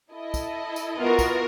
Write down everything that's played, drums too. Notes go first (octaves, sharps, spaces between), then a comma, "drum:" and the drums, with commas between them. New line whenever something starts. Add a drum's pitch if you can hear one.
E4 A4 D#5
drum: kick, tambourine
drum: tambourine
B3 F4 F#4 A#4
drum: kick, tambourine